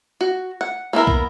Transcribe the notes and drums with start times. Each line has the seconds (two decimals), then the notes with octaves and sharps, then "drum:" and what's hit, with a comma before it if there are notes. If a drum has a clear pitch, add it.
0.21 F#4
0.61 F#5
0.93 A#3 B3 E4 A#4
1.07 drum: kick